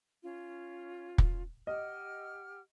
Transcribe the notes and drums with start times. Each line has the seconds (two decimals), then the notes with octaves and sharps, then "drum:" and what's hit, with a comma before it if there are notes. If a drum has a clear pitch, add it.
0.23 C#4 F4
1.18 drum: kick
1.67 G4 D#5 F#5 F6